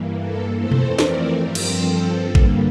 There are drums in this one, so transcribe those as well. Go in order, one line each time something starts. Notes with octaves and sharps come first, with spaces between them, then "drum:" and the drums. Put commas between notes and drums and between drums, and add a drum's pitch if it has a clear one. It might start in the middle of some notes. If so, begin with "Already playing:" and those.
Already playing: G2 E3 A#3
A4
F2 E3 A3 C4 A4 C5
drum: tom B2
A#4 D5, drum: snare
G2 F3 C4 G4 A#4
drum: cymbal
A4
G2 D3 G3 A#3
drum: kick A1